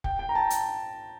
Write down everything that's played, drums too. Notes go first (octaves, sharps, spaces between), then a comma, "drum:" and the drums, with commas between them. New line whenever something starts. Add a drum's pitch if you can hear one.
G5, drum: kick
G5
A#5
A5
drum: hi-hat